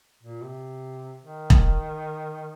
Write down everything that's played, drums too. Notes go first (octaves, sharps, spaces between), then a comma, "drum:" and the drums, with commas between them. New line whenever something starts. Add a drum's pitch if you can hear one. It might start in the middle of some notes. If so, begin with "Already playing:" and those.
A#2
C3
D#3
drum: kick E1